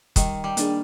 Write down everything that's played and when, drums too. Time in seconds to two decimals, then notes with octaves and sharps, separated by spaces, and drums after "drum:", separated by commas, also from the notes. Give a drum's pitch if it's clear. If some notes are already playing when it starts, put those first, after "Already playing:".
0.16 D#3 G3, drum: kick, hi-hat
0.44 G3
0.57 A#3 D4 G#4, drum: hi-hat